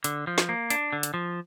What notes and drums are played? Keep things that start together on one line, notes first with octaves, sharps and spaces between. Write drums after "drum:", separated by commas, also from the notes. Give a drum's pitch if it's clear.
D3, drum: hi-hat
F3
drum: snare
A#3
D4, drum: hi-hat
D3
drum: hi-hat
F3